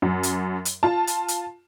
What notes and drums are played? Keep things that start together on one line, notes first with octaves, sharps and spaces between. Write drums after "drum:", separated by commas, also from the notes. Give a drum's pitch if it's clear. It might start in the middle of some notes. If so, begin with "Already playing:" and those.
F#2
drum: hi-hat
drum: hi-hat
F4 A5
drum: hi-hat
drum: hi-hat